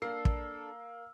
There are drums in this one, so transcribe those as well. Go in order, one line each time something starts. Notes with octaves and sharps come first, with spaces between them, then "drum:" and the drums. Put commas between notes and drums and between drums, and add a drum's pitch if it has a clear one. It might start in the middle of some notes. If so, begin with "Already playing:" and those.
A#3 D4 A4 E6 C7
drum: kick